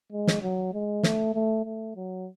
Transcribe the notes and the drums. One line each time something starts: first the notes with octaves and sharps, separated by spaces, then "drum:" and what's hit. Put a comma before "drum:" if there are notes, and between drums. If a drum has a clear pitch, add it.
G#3
drum: snare
F#3
G#3
A3, drum: snare
A3
A3
F#3